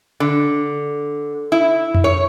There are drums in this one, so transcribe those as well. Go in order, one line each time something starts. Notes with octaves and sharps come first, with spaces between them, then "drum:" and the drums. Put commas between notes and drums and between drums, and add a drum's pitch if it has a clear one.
D3
E4
drum: tom F2
C#5